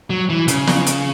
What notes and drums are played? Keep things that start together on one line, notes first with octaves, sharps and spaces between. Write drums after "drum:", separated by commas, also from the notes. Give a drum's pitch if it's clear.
F#3
E3
C#3, drum: hi-hat
drum: snare
drum: hi-hat